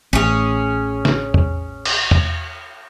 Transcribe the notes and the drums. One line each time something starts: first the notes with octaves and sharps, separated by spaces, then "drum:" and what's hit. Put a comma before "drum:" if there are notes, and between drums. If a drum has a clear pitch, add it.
A1 C#4 G#4
drum: snare
drum: tom E2
drum: cymbal
drum: tom E2